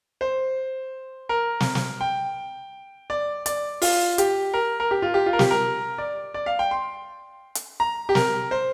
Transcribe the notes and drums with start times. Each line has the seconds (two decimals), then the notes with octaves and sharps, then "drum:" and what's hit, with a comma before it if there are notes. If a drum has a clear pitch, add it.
0.21 C5
1.29 A#4
1.60 drum: snare
1.75 drum: snare
2.01 G5
3.10 D5
3.46 D5, drum: hi-hat
3.82 F4, drum: open hi-hat
4.18 G4, drum: hi-hat
4.54 A#4
4.80 A#4
4.91 G4
5.02 F4
5.14 G4
5.26 F4
5.33 A#4
5.39 G4, drum: snare
5.51 A#4
5.98 D5
6.34 D5
6.46 F5
6.59 G5
6.71 C6
7.55 drum: hi-hat
7.80 A#5
8.09 G4
8.15 A#4, drum: snare
8.51 C5